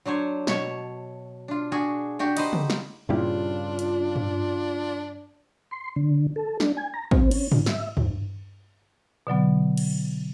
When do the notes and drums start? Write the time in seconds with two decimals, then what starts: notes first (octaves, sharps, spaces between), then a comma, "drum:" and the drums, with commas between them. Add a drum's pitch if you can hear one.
0.05 F#3 D4 C5 C#5
0.47 B2 C#5 A5, drum: snare
1.48 D4 F4
1.72 D4 F#4 G#4
2.19 D4 F#4 G4
2.37 D#4 B4 C5, drum: cymbal
2.53 drum: tom C#3
2.70 drum: snare
3.09 G2 A#2 C#3 D4 E4 F4 G4
3.79 drum: hi-hat
4.16 drum: tom G2
5.71 C6
5.96 D3
6.36 A4
6.60 D4, drum: snare
6.77 G#5
6.94 A#5
7.11 C4, drum: kick
7.31 C#4, drum: cymbal
7.52 D3, drum: tom G#2
7.66 E5, drum: snare
7.97 D#2, drum: tom G2
9.27 B2 D3 F#3 B3
9.77 drum: cymbal